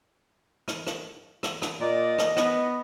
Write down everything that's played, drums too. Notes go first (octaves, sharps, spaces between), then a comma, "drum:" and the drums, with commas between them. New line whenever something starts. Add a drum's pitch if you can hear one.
drum: rim click
drum: rim click
drum: rim click
drum: rim click
A#2 D5 D#5
drum: rim click
B3, drum: rim click